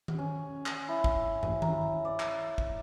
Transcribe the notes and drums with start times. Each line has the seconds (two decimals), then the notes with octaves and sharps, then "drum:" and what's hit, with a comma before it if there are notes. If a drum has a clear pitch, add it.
0.08 drum: tom D#3
0.19 C#4
0.66 drum: clap
0.89 E4
1.04 drum: kick
1.43 drum: tom
1.62 A#5, drum: tom D#3
2.05 D5
2.20 drum: clap
2.58 drum: kick